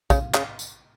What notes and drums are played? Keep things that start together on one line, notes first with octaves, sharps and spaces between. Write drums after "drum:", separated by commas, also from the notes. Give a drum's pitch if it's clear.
C#3, drum: kick, tambourine
C#3, drum: clap
drum: tambourine